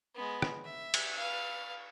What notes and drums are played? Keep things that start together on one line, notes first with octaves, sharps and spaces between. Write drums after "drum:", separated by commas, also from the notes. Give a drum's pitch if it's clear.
G#3 B3
drum: rim click
E5
drum: cymbal
B4 F5